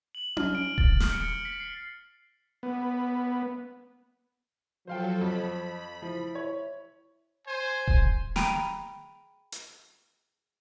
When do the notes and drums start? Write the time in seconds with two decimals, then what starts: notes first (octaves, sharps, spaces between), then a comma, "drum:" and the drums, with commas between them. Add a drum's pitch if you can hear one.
0.15 F#7
0.37 F6, drum: tom C#4
0.55 D7
0.78 A6, drum: kick D#1
1.00 F6, drum: snare
1.12 C#7
1.45 B6
1.60 C7
2.63 B3
4.87 F3 F#3 A4 C5 F5 G5
5.21 F2 B5
6.02 F3 E4
6.35 C#5
7.47 C5 G#5
7.88 drum: kick D#1
8.36 G5 A#5 B5 D7 D#7 F7, drum: snare
9.52 drum: hi-hat